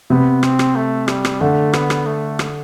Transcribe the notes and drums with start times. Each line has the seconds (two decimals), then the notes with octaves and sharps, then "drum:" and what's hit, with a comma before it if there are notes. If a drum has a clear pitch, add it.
0.10 C3 B3
0.43 C4, drum: rim click
0.59 drum: rim click
0.76 A3
1.08 G3, drum: rim click
1.25 drum: rim click
1.41 D3 A3
1.73 B3, drum: rim click
1.90 drum: rim click
2.06 A3
2.39 drum: rim click